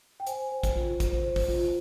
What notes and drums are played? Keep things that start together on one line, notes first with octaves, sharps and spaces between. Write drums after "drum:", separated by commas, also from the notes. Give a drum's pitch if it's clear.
G5
C5 G#5, drum: hi-hat
C5
drum: kick, hi-hat
F4
C5, drum: kick, hi-hat
C5
drum: kick, open hi-hat
F4